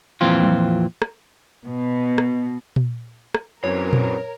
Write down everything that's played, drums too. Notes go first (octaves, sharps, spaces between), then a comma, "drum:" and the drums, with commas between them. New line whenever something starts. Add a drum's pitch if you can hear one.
F2 A#2 E3 C4 F4
drum: tom F#3
drum: rim click
B2
drum: rim click
drum: tom A#2
drum: rim click
F#2 E3 C4 A#4 C#5
drum: tom A#2